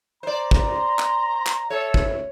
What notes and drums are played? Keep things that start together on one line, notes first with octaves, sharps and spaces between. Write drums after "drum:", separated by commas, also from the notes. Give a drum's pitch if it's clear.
C5 D5 A#5
drum: kick
C6
drum: clap
drum: clap
A4 C#5 E5
drum: kick